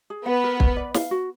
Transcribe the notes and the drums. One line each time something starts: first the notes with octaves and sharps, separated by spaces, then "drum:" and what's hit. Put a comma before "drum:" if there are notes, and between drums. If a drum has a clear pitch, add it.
G#4
B3 B4 F#5
A#4
A#4, drum: kick
D5
F5, drum: snare
F#4